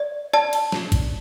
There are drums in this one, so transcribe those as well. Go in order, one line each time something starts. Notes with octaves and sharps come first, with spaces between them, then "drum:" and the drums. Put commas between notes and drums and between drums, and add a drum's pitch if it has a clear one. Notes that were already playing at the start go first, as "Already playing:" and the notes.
Already playing: D5
D5 A5
drum: cymbal
drum: snare
drum: kick G#1, cymbal